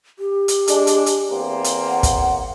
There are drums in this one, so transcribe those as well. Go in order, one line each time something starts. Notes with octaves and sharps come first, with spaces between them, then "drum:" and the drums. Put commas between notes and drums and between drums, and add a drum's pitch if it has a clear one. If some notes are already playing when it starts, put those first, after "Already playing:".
G4
drum: hi-hat
G#3 D4, drum: hi-hat
drum: hi-hat
drum: hi-hat
E2 A#3 C4
drum: hi-hat
F#5
drum: kick, hi-hat